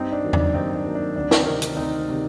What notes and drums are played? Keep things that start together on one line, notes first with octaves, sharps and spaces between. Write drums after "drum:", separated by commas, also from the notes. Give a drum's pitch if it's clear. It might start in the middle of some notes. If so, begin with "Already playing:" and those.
Already playing: G2 C4 D#4
D4
D#3 F#3 A#3
D4, drum: tom E2
G2 C4 D#4
D4
D#3 F#3 A#3
D4
D2 D4
C4 D#4, drum: snare
C3 D#3 A#4 D5
drum: hi-hat
D2 C4 D#4
C3 D#3